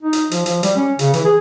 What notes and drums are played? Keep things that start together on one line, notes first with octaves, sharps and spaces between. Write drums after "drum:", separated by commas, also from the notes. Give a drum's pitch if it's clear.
D#4
drum: hi-hat
F3, drum: hi-hat
F3, drum: hi-hat
G3, drum: hi-hat
C#4
C#3, drum: hi-hat
E3, drum: hi-hat
G#4